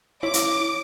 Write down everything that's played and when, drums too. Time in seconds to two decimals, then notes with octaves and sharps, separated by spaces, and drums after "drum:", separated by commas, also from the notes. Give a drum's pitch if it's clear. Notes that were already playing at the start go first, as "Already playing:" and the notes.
0.23 E4 C#5 D6
0.34 drum: hi-hat